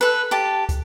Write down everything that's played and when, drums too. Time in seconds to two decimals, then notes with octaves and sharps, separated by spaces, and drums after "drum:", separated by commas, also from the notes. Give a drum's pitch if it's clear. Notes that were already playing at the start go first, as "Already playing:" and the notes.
0.01 A4 B4
0.31 G4 A4 A5
0.69 drum: kick, hi-hat